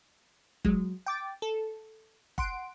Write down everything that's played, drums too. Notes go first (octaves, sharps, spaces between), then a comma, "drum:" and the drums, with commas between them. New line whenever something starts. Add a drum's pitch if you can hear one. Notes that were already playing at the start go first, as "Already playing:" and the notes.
F#3 G#3, drum: kick
G5 D6 A6
A4
F#5 C6 D7, drum: kick